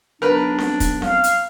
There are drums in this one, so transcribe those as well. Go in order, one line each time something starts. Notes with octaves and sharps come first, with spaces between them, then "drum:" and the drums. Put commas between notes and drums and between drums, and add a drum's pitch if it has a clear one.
B1 D4 A#4 B4
drum: snare C4
drum: kick, hi-hat
F5, drum: snare C4
drum: hi-hat